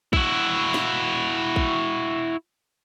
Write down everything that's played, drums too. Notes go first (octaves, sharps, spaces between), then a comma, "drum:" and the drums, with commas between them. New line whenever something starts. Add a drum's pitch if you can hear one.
E4 F#4, drum: kick
drum: snare
drum: kick